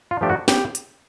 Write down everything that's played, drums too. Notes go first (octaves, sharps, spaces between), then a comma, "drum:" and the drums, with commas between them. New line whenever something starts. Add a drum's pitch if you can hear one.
F4
F3 A3 D4 G4
F#4
G4, drum: snare
drum: hi-hat